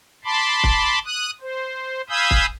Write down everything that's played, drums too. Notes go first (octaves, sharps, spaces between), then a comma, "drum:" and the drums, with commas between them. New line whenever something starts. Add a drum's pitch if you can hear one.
A5 B5 C6 D6
drum: kick
D#6 F#6
C5
F5 G#5 B5 D#6 E6 G6
drum: kick